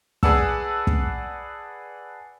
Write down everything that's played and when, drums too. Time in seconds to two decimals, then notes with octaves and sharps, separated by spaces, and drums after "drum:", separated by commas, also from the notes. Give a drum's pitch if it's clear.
0.23 G#4 B4 D5 F#5 A5 E6, drum: kick
0.87 drum: kick